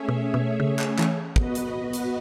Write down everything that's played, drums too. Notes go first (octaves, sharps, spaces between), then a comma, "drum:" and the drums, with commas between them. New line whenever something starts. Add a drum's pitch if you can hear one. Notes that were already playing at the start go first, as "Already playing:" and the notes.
Already playing: A3 C#4 G#4 C#5 E5
B2
B2
C#3
drum: clap
E3, drum: clap
B3 F#4 B4 D#5, drum: kick
drum: hi-hat
drum: hi-hat